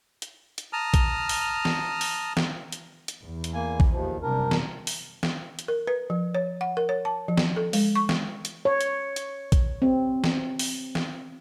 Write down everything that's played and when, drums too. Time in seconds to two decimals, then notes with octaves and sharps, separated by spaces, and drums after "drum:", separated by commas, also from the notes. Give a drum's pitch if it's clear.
0.22 drum: hi-hat
0.58 drum: hi-hat
0.73 A5 A#5 D#6 F6
0.94 drum: kick A#1, hi-hat
1.29 drum: open hi-hat
1.65 drum: snare
2.01 drum: open hi-hat
2.37 drum: snare
2.72 drum: hi-hat
3.08 drum: hi-hat
3.23 E2
3.44 drum: hi-hat
3.54 A#3 G#5
3.80 drum: kick A#1
3.91 D#2 F3
4.22 F#1 C3 G3 D4 A#4
4.51 drum: snare
4.87 drum: open hi-hat
5.23 drum: snare
5.59 drum: hi-hat
5.68 A#4
5.87 B4
6.10 F3
6.35 C#5
6.61 F#5
6.77 A#4
6.89 C#5
7.05 A5
7.28 F3
7.38 drum: snare
7.56 A4
7.73 G#3, drum: open hi-hat
7.96 C#6
8.09 drum: snare
8.45 drum: hi-hat
8.65 C#5
8.81 drum: hi-hat
9.16 drum: hi-hat
9.52 drum: kick A#1, hi-hat
9.82 C4
10.24 drum: snare
10.59 drum: open hi-hat
10.95 drum: snare